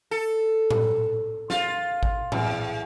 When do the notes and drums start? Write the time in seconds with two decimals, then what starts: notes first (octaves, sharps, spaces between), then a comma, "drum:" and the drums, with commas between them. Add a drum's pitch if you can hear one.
0.11 A4
0.71 drum: tom A2
1.50 F4, drum: snare
2.03 drum: kick G#1
2.32 E2, drum: tom A2